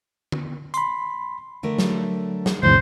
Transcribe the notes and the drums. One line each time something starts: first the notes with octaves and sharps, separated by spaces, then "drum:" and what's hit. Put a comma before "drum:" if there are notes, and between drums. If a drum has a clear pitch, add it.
drum: tom
B5 C6, drum: hi-hat
D3 A3 A#4
F#3, drum: snare
drum: snare
C#2 F#2 A#2 E3 C5